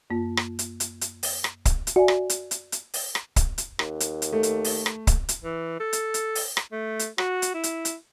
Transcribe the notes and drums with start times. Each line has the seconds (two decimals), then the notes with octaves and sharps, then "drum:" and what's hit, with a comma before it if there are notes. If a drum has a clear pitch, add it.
0.10 F#2 A#3 F4
0.37 drum: rim click
0.59 drum: hi-hat
0.80 drum: hi-hat
1.01 drum: hi-hat
1.23 drum: open hi-hat
1.44 drum: rim click
1.65 drum: kick C#1, hi-hat
1.87 drum: hi-hat
1.96 F#4 D5 E5 G#5
2.08 drum: rim click
2.30 drum: hi-hat
2.51 drum: hi-hat
2.72 drum: hi-hat
2.94 drum: open hi-hat
3.15 drum: rim click
3.36 drum: kick C#1, hi-hat
3.58 drum: hi-hat
3.79 D#2, drum: rim click
4.00 drum: hi-hat
4.22 drum: hi-hat
4.32 A3
4.43 drum: hi-hat
4.64 drum: open hi-hat
4.86 drum: rim click
5.07 drum: kick C#1, hi-hat
5.29 drum: hi-hat
5.43 E3
5.80 A4
5.93 drum: hi-hat
6.14 drum: hi-hat
6.35 drum: open hi-hat
6.57 drum: rim click
6.72 A3
6.99 drum: hi-hat
7.18 F#4, drum: rim click
7.42 drum: hi-hat
7.54 E4
7.63 drum: hi-hat
7.85 drum: hi-hat